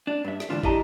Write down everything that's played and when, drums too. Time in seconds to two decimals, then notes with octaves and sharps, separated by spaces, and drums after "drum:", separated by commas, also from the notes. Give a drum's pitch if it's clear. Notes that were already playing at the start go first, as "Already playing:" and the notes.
0.07 D4
0.24 G2 E5
0.40 drum: snare
0.50 D2 G#2 E3 D4 F4
0.64 D4 E4 G4 D#5 A5 A#5, drum: kick